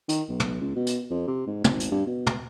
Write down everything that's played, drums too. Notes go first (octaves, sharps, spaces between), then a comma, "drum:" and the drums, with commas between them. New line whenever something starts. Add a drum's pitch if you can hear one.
D#3, drum: hi-hat
B1
drum: tom
C#2
B2
drum: hi-hat
F2
C3
G#2
G#1, drum: tom
drum: hi-hat
G2
B2
drum: tom